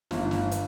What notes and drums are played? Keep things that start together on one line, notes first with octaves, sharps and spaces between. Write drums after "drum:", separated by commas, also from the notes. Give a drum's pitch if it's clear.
G1, drum: snare
drum: snare
drum: hi-hat